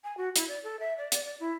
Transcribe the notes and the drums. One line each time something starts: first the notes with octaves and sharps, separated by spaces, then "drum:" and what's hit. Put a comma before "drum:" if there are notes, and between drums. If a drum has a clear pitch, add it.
G#5
F#4
E4, drum: hi-hat
D5
A4
E5
D5
D5, drum: hi-hat
D5
E4